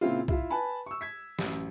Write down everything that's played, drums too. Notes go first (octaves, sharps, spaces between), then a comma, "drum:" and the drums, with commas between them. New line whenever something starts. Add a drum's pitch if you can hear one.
A#2 C#3 C4 E4 F4
E4 F4 E5, drum: kick
B4 G#5 A5 B5
C#6 E6
G#6 B6
A1 F#2, drum: snare